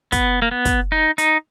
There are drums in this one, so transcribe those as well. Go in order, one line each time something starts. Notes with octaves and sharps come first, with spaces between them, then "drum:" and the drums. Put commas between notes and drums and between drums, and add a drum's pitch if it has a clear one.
B3, drum: kick, hi-hat
A#3
B3
drum: kick, hi-hat
D#4
D#4, drum: hi-hat